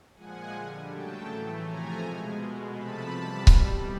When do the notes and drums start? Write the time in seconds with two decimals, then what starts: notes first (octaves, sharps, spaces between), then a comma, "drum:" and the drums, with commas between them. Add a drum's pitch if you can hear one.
0.14 A#2 F3 G#3 F#5 G#5
0.51 D3 G3
0.88 C#3 F#3 A3 G5 A5
1.26 A2 E3 A3
1.62 C3 F3 A3 G#5 A#5
1.99 B2 G#3
2.36 B2 G#3
2.73 C3 F3 A3 A5 B5
3.09 C3 E3 G3 A5 B5
3.47 B2 G3, drum: kick C#1